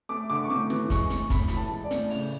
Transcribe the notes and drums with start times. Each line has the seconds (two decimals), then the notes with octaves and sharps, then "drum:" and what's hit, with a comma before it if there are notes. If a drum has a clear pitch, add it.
0.09 A3 D6
0.30 D3 D6
0.44 C#6
0.50 A2 D6
0.70 E3, drum: snare
0.90 G#3 C#6, drum: kick, hi-hat
1.10 A2, drum: hi-hat
1.30 A2 B5, drum: kick, hi-hat
1.48 E3 B5, drum: hi-hat
1.57 A5
1.71 G#3
1.84 D5
1.91 A2, drum: hi-hat
2.10 C#3, drum: open hi-hat